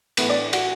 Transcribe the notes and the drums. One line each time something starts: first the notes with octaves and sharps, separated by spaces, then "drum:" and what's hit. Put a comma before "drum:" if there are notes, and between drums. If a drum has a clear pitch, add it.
A2 E3 A3 B3 B4, drum: cymbal
D4 D5
F#4 F#5, drum: cymbal